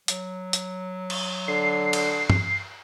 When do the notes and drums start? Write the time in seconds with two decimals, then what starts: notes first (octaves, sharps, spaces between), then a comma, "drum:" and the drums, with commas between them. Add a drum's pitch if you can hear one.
0.08 F#3, drum: hi-hat
0.53 drum: hi-hat
1.10 drum: cymbal
1.48 D3 C7
1.93 drum: cymbal
2.30 drum: tom G2